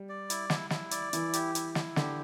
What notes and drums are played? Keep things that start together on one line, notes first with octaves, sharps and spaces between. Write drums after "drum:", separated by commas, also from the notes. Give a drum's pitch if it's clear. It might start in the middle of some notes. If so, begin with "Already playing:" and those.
Already playing: G3
D5
E4, drum: hi-hat
E4, drum: snare
E4, drum: snare
D5, drum: hi-hat
E3 E4, drum: hi-hat
G4, drum: hi-hat
E4, drum: hi-hat
E4, drum: snare
D3 G4, drum: snare